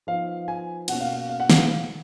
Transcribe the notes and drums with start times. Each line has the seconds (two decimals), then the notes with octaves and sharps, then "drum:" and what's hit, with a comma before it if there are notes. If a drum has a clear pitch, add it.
0.07 F3 B3 D#4 F5
0.48 G#5
0.88 B2 A#3 C#4 F#5, drum: cymbal
1.01 F5
1.13 F#5
1.29 F5
1.40 F#5
1.50 F5, drum: snare